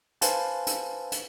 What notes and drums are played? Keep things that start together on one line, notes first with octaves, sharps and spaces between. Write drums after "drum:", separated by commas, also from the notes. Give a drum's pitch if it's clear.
B4 C5 F5 G#5 A5, drum: hi-hat
drum: hi-hat
drum: hi-hat